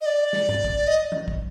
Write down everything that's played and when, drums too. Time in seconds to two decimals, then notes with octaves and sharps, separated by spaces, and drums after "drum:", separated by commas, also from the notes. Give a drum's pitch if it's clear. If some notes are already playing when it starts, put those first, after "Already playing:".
0.01 D#5
0.06 D5
0.33 drum: snare
0.49 drum: tom G2
0.65 drum: kick
0.87 D#5
1.12 drum: tom F3
1.28 drum: kick